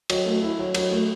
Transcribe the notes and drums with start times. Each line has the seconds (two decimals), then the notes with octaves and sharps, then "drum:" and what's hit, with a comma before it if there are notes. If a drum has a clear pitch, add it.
0.10 F#3, drum: cymbal
0.26 A3
0.42 E4
0.59 F#3
0.75 F#3, drum: cymbal
0.91 A3